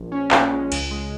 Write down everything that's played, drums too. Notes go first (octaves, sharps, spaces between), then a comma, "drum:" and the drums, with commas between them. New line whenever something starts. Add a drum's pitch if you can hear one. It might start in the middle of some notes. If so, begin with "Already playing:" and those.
Already playing: A#1
C#4
A#2, drum: clap
G#3
C#2, drum: cymbal
G#3